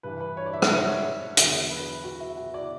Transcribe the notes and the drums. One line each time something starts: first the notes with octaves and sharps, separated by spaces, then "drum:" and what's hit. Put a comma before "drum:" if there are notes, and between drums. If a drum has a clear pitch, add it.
G2 E3 B4
B4
C#5
D5
E5
F#5, drum: rim click
E5
C#5
E2 D3 F#3, drum: hi-hat
B4
F#4
E4
F#4
D5